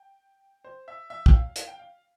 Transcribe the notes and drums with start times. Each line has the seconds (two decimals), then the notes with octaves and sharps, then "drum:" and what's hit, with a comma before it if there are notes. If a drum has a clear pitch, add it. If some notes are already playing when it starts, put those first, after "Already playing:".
Already playing: G5
0.64 C5
0.88 E5
1.10 E5
1.26 G5, drum: kick
1.33 F5
1.56 F5, drum: hi-hat
1.67 G5
1.79 F5